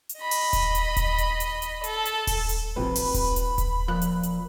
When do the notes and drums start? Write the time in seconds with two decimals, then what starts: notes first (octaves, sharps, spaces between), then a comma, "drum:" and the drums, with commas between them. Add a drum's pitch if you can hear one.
0.09 drum: hi-hat
0.20 D#5 B5
0.31 drum: open hi-hat
0.53 drum: kick D#1, hi-hat
0.75 drum: hi-hat
0.97 drum: kick D#1, hi-hat
1.18 drum: hi-hat
1.40 drum: hi-hat
1.62 drum: hi-hat
1.84 A4, drum: hi-hat
2.05 drum: hi-hat
2.27 drum: kick D#1, open hi-hat
2.49 drum: hi-hat
2.76 A1 C3 F3 C4 B4
2.95 B5, drum: open hi-hat
3.14 drum: kick D#1, hi-hat
3.36 drum: hi-hat
3.58 drum: kick D#1, hi-hat
3.88 A#2 F3 F#6
4.02 drum: hi-hat
4.23 drum: hi-hat